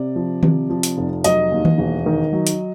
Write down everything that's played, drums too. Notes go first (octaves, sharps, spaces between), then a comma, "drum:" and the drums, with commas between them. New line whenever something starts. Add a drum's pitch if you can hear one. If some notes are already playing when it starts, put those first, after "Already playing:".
Already playing: C3 D5
F3
C3, drum: tom D#3
F3
drum: hi-hat
F1
F#3 D#5, drum: hi-hat
D#2
drum: tom D#3
E1
D#3
F#3
drum: hi-hat